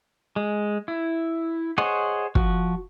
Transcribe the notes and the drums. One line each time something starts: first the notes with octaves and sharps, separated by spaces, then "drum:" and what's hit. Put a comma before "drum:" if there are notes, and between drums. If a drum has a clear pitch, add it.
G#3
E4
G#4 C5 C#5 D#5 F#5
F3 F#4, drum: kick